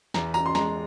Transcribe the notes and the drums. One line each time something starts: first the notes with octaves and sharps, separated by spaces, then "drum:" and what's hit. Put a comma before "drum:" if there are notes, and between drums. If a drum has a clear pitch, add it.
E2 A#5, drum: snare
A#5, drum: tambourine
C6
G#3 A#5, drum: snare